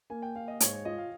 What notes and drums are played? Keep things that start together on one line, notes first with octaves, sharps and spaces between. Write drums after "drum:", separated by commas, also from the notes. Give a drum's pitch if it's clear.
A#3 G#5
G5
A#3 F5
D#5
G#2 C#5, drum: hi-hat
C#5
F4 D#5
F5